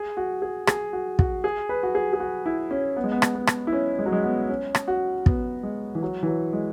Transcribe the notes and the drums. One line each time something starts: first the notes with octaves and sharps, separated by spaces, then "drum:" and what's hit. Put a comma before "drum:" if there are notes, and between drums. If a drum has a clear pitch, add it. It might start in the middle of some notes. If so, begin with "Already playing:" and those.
Already playing: G#4
F#4
G#4
G#4, drum: rim click
F#4
F#4, drum: kick
G#4
B4
F#4
G#4
G#4
F#4
E4
C#4
B3
G#3
B3
drum: rim click
B3
drum: rim click
E4
C#4
G#3
F#3
G#3
B3
C#4
drum: rim click
F#4
B3, drum: kick
G#3
E3
F#3
E3
F#3
G#3